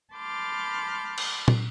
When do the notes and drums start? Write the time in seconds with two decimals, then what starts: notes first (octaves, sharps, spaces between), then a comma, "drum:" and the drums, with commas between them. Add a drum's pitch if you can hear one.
0.14 A5 B5 C6 D6 F6 G6
1.18 drum: cymbal
1.48 drum: tom